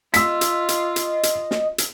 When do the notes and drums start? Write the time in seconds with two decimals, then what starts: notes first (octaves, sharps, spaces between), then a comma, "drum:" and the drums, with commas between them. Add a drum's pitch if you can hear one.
0.14 F4 D#5 E6 B6, drum: hi-hat
0.41 drum: hi-hat
0.69 drum: hi-hat
0.96 drum: hi-hat
1.23 drum: hi-hat
1.51 drum: snare
1.78 drum: hi-hat